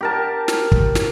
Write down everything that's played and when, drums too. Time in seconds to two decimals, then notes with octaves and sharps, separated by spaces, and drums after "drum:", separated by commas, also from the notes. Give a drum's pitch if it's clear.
0.01 G4 A#4 A5
0.48 drum: snare
0.72 drum: kick
0.95 drum: snare